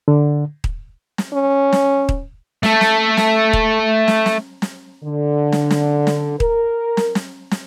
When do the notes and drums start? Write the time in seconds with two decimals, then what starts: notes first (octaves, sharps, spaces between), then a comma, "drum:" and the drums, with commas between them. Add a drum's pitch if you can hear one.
0.08 D3
0.64 drum: kick D#1
1.18 drum: snare
1.33 C#4
1.73 drum: snare
2.09 drum: kick D#1
2.63 A3 A4, drum: snare
2.81 drum: snare
3.17 drum: snare
3.53 drum: kick D#1
4.08 drum: snare
4.26 drum: snare
4.62 drum: snare
5.03 D3
5.52 drum: snare
5.71 drum: snare
6.07 drum: snare
6.40 A#4, drum: kick D#1
6.97 drum: snare
7.15 drum: snare
7.51 drum: snare